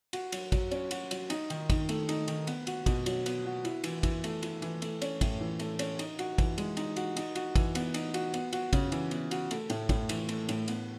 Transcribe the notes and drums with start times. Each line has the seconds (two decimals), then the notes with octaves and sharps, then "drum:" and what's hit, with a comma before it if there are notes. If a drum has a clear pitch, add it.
0.13 F#4, drum: cymbal
0.32 F#3, drum: cymbal
0.52 F#3, drum: kick, cymbal
0.71 C#4, drum: cymbal
0.91 F#4, drum: cymbal
1.11 F#3, drum: cymbal
1.30 D#4, drum: cymbal
1.50 D#3, drum: cymbal
1.70 D#3, drum: kick, cymbal
1.89 A3, drum: cymbal
2.09 D#4, drum: cymbal
2.28 D#3, drum: cymbal
2.47 B3, drum: cymbal
2.67 F#4, drum: cymbal
2.86 B2, drum: kick, cymbal
3.06 F#3, drum: cymbal
3.26 B3, drum: cymbal
3.46 F#4
3.65 E4, drum: cymbal
3.84 E3, drum: cymbal
4.03 E3, drum: kick, cymbal
4.24 A3, drum: cymbal
4.43 E4, drum: cymbal
4.62 E3, drum: cymbal
4.82 A3, drum: cymbal
5.02 C#4, drum: cymbal
5.21 A2, drum: kick, cymbal
5.41 E3
5.59 A3, drum: cymbal
5.79 C#4, drum: cymbal
5.99 D#4, drum: cymbal
6.19 F#4, drum: cymbal
6.38 E3, drum: kick, cymbal
6.58 G#3, drum: cymbal
6.77 D#4, drum: cymbal
6.96 F#4, drum: cymbal
7.17 D#4, drum: cymbal
7.35 F#4, drum: cymbal
7.56 E3, drum: kick, cymbal
7.75 B3, drum: cymbal
7.94 D#4, drum: cymbal
8.14 F#4, drum: cymbal
8.34 B3, drum: cymbal
8.53 F#4, drum: cymbal
8.73 C#3, drum: kick, cymbal
8.92 E3, drum: cymbal
9.11 B3, drum: cymbal
9.31 F#4, drum: cymbal
9.51 A3, drum: cymbal
9.70 A2, drum: cymbal
9.89 A2, drum: kick, cymbal
10.09 E3, drum: cymbal
10.29 A3, drum: cymbal
10.49 A2, drum: cymbal
10.68 B3, drum: cymbal